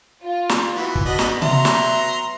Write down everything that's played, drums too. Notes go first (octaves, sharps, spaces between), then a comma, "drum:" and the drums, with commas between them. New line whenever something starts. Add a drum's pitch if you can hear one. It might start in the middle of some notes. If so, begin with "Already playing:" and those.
F4
drum: snare
E3 B3 F#4 B4
drum: kick
B3 D4 F#4 D#5 B5
drum: snare
F#3 E5 A#5 C6, drum: tom C3
drum: snare